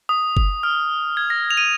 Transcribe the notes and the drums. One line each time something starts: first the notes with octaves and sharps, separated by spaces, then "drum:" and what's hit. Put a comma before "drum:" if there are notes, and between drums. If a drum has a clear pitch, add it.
D#6
drum: kick F#1
F6
G#6
A#6
F7
D#7